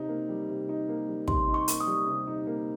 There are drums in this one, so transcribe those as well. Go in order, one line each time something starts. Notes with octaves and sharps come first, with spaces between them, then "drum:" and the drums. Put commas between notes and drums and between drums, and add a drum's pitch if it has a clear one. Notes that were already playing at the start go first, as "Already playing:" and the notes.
Already playing: C3 D#4
A#3
G3
C3
D#4
A#3
G3
C3 C6, drum: kick
D#4
C#6
A#3, drum: hi-hat
D#6
G3
C3
D#4
A#3